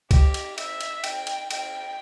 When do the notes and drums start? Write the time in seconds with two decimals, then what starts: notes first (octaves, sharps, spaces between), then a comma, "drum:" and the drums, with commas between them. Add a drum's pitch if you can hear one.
0.11 G4, drum: kick, cymbal
0.34 drum: cymbal
0.58 E5, drum: cymbal
0.81 drum: cymbal
1.04 G5, drum: cymbal
1.27 drum: cymbal
1.51 G5, drum: cymbal